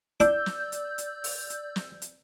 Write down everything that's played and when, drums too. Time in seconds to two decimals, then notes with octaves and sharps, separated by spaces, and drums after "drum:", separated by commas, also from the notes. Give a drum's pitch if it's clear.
0.20 D4 E4 D5 D6 E6 G6, drum: hi-hat
0.46 drum: snare
0.72 drum: hi-hat
0.98 drum: hi-hat
1.24 drum: open hi-hat
1.50 drum: hi-hat
1.76 drum: snare
2.02 drum: hi-hat